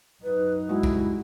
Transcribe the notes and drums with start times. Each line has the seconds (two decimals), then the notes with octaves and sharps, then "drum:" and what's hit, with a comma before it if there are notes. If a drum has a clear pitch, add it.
0.24 F#2 D#4 B4
0.69 G3 G#3 E4 F#4
0.83 drum: kick